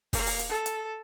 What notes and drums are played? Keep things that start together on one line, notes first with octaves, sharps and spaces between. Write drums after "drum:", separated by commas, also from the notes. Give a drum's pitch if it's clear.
A#3, drum: kick, open hi-hat
drum: open hi-hat
drum: hi-hat
A4
drum: hi-hat